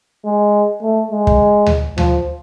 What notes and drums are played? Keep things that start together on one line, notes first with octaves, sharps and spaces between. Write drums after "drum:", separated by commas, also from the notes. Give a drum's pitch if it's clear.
G#3
A3
G#3
drum: kick
drum: tom D2
F3, drum: tom D2